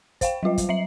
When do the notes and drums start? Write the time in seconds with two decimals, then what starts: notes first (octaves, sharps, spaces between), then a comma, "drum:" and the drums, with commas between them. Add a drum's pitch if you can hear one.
0.21 C5 F5 G5, drum: kick, hi-hat
0.43 F#3 G3 F4 D#5
0.58 drum: kick, hi-hat
0.69 F#3 E5 C7 F#7